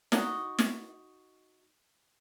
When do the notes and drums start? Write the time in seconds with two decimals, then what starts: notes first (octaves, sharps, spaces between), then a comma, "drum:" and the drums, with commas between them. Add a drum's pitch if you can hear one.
0.12 D#4 F#4, drum: snare
0.59 drum: snare